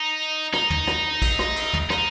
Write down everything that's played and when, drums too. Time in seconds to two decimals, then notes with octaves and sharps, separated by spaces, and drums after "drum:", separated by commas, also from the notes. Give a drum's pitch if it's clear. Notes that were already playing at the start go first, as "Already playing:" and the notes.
Already playing: D#4
0.53 D#4, drum: rim click
0.70 drum: tom
0.87 drum: rim click
1.22 drum: kick A#1, cymbal
1.39 drum: rim click
1.56 drum: cymbal
1.73 drum: tom
1.90 D#4, drum: rim click